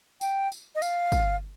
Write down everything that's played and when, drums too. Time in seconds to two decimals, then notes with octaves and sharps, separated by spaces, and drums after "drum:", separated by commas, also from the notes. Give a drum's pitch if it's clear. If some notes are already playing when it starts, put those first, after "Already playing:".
0.21 G5, drum: tambourine
0.52 drum: tambourine
0.75 D#5
0.82 F5, drum: tambourine
1.12 drum: kick, tambourine